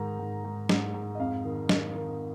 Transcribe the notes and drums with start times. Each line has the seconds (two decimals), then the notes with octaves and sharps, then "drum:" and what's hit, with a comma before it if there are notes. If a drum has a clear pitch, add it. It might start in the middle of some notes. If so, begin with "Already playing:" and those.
Already playing: G#2 D#3 A#5
0.19 G#2
0.44 G#2
0.69 G#2, drum: snare
0.94 G#2
1.15 D#5
1.19 F2 F5
1.44 D#3
1.69 D#3, drum: snare
1.94 D#3